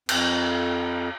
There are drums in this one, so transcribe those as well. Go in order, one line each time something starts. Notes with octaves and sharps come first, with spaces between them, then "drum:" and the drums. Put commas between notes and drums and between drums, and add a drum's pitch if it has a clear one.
F2, drum: cymbal